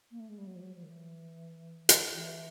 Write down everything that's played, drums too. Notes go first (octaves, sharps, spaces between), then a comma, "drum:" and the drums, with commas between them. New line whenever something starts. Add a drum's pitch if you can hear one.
A#3
A3
G#3
G3
F#3
F3
F#3
F3
D#3
E3
drum: hi-hat
E3